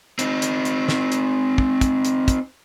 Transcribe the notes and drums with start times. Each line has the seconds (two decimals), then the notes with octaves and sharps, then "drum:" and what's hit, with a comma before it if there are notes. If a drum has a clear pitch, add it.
0.19 C4 D#4, drum: hi-hat
0.42 drum: hi-hat
0.65 drum: hi-hat
0.89 drum: snare
1.12 drum: hi-hat
1.58 drum: kick
1.81 drum: kick, hi-hat
2.05 drum: hi-hat
2.28 drum: kick, hi-hat